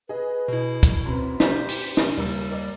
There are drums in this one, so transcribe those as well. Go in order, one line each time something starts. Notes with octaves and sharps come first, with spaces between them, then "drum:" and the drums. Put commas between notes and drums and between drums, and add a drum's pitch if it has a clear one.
G#4 B4 D#5
B2 E4
drum: kick, hi-hat
F#2 C4 B4
G4 C5 B6, drum: snare
drum: open hi-hat
drum: snare
F#1 D#2 G3 A#4 E6
A#4 D5 D#5